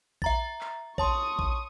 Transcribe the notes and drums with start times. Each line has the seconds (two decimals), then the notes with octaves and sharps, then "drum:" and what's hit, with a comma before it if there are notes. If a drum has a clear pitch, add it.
0.22 E5 A#5 A6, drum: kick A#1
0.61 drum: clap
0.98 C#5 A5 C6 C#6 D#6, drum: kick A#1
1.39 drum: kick A#1